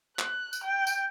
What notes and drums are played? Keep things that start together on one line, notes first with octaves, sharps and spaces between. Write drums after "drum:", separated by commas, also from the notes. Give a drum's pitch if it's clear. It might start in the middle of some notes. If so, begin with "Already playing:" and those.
F#6, drum: clap
drum: tambourine
G5
drum: tambourine